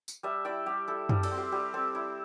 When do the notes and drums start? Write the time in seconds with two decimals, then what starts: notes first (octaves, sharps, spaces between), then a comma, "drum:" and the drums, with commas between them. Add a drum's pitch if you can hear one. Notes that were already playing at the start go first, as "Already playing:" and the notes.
0.08 drum: tambourine
0.23 G3 E5 A5
0.45 E4 D5 G5
0.66 G3 G4
0.88 E4 A4
1.09 G3 A4, drum: tom F#2
1.23 A4 D5, drum: cymbal
1.31 C4
1.38 G4 C5
1.52 G3 G4
1.74 C4 A4
1.95 E4